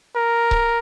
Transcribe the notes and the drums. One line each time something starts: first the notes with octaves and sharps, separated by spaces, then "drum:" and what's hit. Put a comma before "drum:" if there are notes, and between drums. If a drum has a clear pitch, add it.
A#4
drum: kick C#1